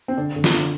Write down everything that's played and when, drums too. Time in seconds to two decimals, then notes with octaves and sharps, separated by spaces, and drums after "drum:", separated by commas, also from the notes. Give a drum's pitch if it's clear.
0.08 C4
0.17 D3 D4
0.36 D3
0.44 F4, drum: snare
0.54 D3